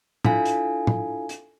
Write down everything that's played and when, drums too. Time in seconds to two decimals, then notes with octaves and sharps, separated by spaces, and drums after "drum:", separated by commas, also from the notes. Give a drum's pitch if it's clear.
0.25 D4 E4 F4 A4 F5 G#5, drum: tom
0.45 drum: hi-hat
0.87 drum: tom
1.29 drum: hi-hat